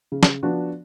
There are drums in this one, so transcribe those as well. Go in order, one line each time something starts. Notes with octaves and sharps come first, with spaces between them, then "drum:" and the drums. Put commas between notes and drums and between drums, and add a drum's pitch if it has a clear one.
C#3
drum: snare
F3 B3 D4 F#4